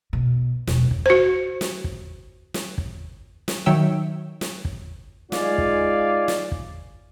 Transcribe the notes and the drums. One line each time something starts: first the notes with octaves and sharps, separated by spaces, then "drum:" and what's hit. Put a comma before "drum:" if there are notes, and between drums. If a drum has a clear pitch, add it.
B2
E1, drum: snare
drum: kick
F#4 C5
drum: snare
drum: kick
drum: snare
drum: kick
drum: snare
D#3 F#3 C#5 E5 G5 E6
drum: snare
drum: kick
G#3 D#4 F4 D5 F5 G#5, drum: snare
drum: kick
drum: snare
drum: kick